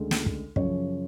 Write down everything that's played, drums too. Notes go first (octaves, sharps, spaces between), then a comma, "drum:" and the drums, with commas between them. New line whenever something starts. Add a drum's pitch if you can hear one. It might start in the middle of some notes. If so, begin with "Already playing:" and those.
Already playing: D2 C#3 G#3
drum: snare
drum: kick
F#2 C#3 F3 C#5, drum: kick